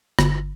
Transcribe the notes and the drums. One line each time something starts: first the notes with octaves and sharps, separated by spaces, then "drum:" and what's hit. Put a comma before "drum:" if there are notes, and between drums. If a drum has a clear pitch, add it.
G1, drum: rim click